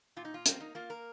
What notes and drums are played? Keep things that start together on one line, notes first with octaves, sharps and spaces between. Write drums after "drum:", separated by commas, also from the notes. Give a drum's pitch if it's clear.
A#2 F4
D#4
F4
A#3 C4, drum: hi-hat
D#4
A#3 F4
A#4